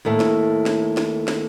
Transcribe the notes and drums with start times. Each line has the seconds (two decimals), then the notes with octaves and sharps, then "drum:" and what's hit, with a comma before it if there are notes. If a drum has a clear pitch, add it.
0.05 D#2 A2 A3
0.20 drum: snare
0.66 drum: snare
0.97 drum: snare
1.28 drum: snare